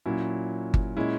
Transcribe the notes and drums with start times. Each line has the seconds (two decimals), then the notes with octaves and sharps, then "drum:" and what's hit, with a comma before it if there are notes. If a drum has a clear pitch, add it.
0.06 A#2 F#3 C#4 E4
0.74 drum: kick G1
0.97 A#2 G#3 C#4 E4